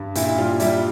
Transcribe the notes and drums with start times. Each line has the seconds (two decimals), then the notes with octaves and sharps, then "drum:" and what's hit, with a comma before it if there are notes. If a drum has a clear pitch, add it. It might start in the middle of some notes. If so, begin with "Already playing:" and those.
Already playing: G2
0.15 A#2 E4, drum: hi-hat
0.27 E4
0.38 G3 F4
0.60 G3 E4, drum: hi-hat